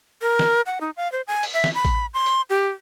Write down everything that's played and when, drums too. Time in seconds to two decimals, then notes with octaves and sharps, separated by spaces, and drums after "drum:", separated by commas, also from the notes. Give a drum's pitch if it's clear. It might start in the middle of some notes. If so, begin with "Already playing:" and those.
0.22 A#4
0.39 drum: snare
0.66 F#5
0.81 D#4
0.97 F5
1.12 C5
1.27 G#5
1.43 drum: open hi-hat
1.54 E5
1.64 drum: snare
1.75 B5
1.85 drum: kick A1, hi-hat
2.14 C6
2.26 drum: hi-hat
2.50 G4